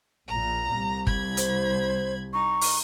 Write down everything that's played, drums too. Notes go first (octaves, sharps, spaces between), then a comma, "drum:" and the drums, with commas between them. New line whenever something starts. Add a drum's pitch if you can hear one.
A#1 A#2 A#5
C2
B5 G#6, drum: kick G1
C5, drum: hi-hat
D#4 C#6
drum: open hi-hat